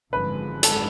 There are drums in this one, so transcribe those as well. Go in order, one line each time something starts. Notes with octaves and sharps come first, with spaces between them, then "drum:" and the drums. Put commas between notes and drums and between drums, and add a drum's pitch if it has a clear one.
G#1 F#2 D3 F3 G#3 B4
A4, drum: hi-hat